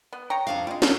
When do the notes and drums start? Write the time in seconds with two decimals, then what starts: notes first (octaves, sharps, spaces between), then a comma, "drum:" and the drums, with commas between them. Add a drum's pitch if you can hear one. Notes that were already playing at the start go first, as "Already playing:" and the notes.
0.13 B3
0.30 C#5 G5 A#5
0.47 F2 D4 F5
0.67 G3 G#3 F4
0.82 A#3 C#4 F#4 A4, drum: snare